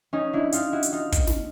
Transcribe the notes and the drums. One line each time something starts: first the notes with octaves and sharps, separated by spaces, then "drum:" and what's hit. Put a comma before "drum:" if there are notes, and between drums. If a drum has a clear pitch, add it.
C#4 D#4
D4 E4
D#4 F4, drum: hi-hat
E4 F#4
drum: hi-hat
D#4 F4
drum: kick, hi-hat
drum: snare